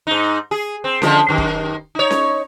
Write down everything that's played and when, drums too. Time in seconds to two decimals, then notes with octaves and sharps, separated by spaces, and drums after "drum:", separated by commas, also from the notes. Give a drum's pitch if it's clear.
0.07 G#2 D#4
0.51 G#4
0.84 C4
1.02 D3 F3 G#3, drum: snare C#4
1.29 F#2 D#3
1.38 drum: kick
1.95 D#4 C#5
2.10 drum: snare C#4